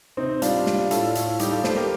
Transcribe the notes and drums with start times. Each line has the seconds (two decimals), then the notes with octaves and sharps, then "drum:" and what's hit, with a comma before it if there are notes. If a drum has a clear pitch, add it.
0.17 C3 C4 D#4
0.42 G3 D4 F4, drum: hi-hat
0.66 G3, drum: snare
0.91 A2 F4 A4, drum: hi-hat
1.15 A2, drum: hi-hat
1.39 G3 D#4 G4, drum: hi-hat
1.51 F4 A4
1.64 G3 A4 C5, drum: snare
1.76 G4 A#4